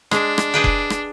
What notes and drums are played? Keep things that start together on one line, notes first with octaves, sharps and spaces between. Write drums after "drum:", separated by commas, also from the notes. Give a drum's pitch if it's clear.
G#3 D4, drum: rim click
drum: rim click
G#4 B4 G5
drum: kick F1
drum: rim click